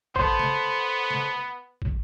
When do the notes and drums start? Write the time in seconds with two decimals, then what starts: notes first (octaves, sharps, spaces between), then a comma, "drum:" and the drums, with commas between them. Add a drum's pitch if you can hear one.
0.16 B3 A4 C5, drum: kick
0.39 drum: snare
1.11 drum: snare
1.82 drum: kick